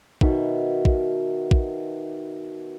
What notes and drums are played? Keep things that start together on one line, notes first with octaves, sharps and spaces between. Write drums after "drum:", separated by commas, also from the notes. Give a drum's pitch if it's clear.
B2 D#3 E5, drum: kick
drum: kick
drum: kick